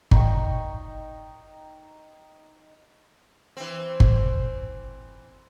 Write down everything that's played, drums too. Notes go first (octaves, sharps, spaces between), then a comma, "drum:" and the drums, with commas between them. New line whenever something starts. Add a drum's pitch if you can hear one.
D#4 G5 C#6, drum: kick G1
E3 C4
drum: kick G1